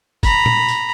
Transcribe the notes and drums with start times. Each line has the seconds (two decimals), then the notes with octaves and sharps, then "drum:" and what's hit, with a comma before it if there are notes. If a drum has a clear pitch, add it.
0.23 A#5 B5, drum: kick, tambourine
0.46 drum: tom
0.68 drum: tambourine